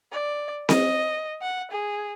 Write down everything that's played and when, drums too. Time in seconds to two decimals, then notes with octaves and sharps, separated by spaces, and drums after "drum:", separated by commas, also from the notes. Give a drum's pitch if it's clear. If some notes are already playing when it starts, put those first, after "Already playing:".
0.12 D5
0.69 D#5, drum: snare C4
1.41 F#5
1.71 G#4